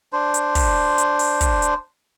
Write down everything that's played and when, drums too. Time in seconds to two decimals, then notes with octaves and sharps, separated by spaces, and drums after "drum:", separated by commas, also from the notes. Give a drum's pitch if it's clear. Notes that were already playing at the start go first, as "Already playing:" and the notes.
0.13 D4 C5
0.34 drum: hi-hat
0.55 drum: kick, open hi-hat
0.98 drum: hi-hat
1.19 drum: open hi-hat
1.41 drum: kick, hi-hat
1.62 drum: hi-hat